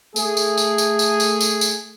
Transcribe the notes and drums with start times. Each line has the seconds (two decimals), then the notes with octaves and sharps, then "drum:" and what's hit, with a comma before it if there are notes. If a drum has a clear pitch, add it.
0.16 A3 G#4, drum: tambourine
0.37 drum: tambourine
0.58 drum: tambourine
0.78 drum: tambourine
0.99 drum: tambourine
1.20 drum: tambourine
1.41 drum: tambourine
1.61 drum: tambourine